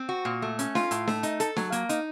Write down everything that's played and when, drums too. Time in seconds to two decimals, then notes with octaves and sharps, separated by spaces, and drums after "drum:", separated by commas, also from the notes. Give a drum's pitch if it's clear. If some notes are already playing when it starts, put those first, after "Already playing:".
Already playing: C4
0.09 F#4
0.25 A#2
0.42 A3
0.59 C#4, drum: hi-hat
0.75 F4, drum: snare
0.91 A2, drum: hi-hat
1.07 A3, drum: snare
1.23 D#4, drum: hi-hat
1.40 A4, drum: hi-hat
1.56 F#3, drum: snare
1.72 A#3, drum: hi-hat
1.89 D#4, drum: hi-hat